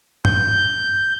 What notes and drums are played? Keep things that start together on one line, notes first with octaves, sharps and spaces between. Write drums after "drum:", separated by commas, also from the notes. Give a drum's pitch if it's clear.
G6, drum: tom G2